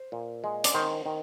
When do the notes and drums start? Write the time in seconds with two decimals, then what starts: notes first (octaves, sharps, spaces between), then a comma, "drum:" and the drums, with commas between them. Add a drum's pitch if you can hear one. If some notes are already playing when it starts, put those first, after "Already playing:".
Already playing: C5
0.12 A#2
0.44 G#3
0.64 D5, drum: hi-hat
0.74 D#3 C5
1.06 D#3